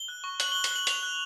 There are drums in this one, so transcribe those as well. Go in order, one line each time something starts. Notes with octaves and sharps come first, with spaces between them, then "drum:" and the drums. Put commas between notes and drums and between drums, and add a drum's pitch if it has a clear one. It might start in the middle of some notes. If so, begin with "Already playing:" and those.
Already playing: G7
F#6
C#6
F#6 F#7, drum: hi-hat
F#6 G7
G7, drum: hi-hat
F#6 F#7
F#6 F7, drum: hi-hat
F#6